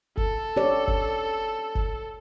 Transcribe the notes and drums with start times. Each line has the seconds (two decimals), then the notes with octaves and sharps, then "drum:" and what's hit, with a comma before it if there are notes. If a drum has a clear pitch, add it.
0.17 A4, drum: kick F#1
0.57 G4 C#5 D5
0.88 drum: kick F#1
1.75 drum: kick F#1